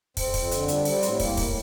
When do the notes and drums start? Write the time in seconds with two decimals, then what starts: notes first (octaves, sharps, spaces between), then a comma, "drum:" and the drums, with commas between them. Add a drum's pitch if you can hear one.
0.17 F2 C4, drum: kick, open hi-hat
0.34 F2, drum: kick, open hi-hat
0.51 D3, drum: hi-hat
0.68 G3, drum: hi-hat
0.85 G3 C4, drum: open hi-hat
1.02 A2, drum: hi-hat
1.20 G3 A#3, drum: kick, open hi-hat
1.37 A2, drum: kick, open hi-hat